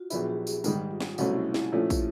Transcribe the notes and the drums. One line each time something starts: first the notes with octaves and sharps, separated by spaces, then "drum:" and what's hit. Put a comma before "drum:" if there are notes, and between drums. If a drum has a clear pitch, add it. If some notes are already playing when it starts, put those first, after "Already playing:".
Already playing: F4 F#4
A#1 A#2 F#3 B3 E4 G#4, drum: tambourine
G4
G#4, drum: tambourine
G#2 D#3 G3 G4, drum: tambourine
F4
drum: snare
F4
C2 B2 F#3 A3 C#4 E4, drum: tambourine
E4
drum: snare
A#2 F3 A3 C#4
drum: kick, tambourine